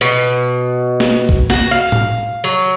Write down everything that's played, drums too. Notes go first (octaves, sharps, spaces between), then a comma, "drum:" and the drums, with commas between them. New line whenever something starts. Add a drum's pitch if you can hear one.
B2
drum: snare
drum: kick B1
F#4, drum: snare
F5
drum: tom A2
F#3